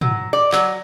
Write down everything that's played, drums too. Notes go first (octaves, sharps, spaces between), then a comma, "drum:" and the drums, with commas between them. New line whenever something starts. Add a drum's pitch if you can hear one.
F#3, drum: tom
D5
F#3, drum: clap